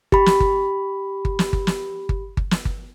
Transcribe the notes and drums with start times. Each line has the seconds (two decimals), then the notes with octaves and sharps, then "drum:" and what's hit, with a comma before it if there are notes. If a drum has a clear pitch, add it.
0.12 G4 B5, drum: kick G1
0.26 drum: snare
0.40 drum: kick G1
1.25 drum: kick G1
1.39 drum: snare
1.53 drum: kick G1
1.67 drum: snare
2.09 drum: kick G1
2.37 drum: kick G1
2.51 drum: snare
2.65 drum: kick G1